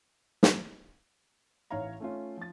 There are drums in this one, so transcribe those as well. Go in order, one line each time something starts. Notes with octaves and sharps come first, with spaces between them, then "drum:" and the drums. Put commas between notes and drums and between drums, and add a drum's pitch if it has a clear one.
drum: snare
A1 E3 C#5 F5 A#5
A3 C#4 F4
F3 A6